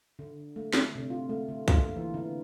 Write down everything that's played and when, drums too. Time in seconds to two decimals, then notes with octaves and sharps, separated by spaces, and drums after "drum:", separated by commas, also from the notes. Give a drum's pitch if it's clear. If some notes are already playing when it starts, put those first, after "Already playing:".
0.19 D3
0.56 A3
0.73 D3, drum: snare
0.95 C3
1.10 F4
1.29 A3
1.49 D3
1.68 F4, drum: kick B1, hi-hat
1.80 A#3
1.96 E3
2.14 D3